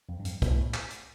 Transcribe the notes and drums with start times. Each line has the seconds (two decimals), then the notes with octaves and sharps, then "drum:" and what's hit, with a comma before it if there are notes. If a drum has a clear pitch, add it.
0.09 F2
0.20 G2
0.25 F2, drum: hi-hat
0.42 B2, drum: kick, hi-hat
0.51 A2
0.74 drum: clap
0.90 drum: hi-hat